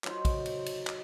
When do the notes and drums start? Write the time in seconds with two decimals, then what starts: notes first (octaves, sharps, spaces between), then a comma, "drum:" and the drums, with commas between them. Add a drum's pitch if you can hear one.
0.04 F#3 D#4 C5, drum: clap
0.25 drum: kick, cymbal
0.46 drum: cymbal
0.66 drum: cymbal
0.87 drum: clap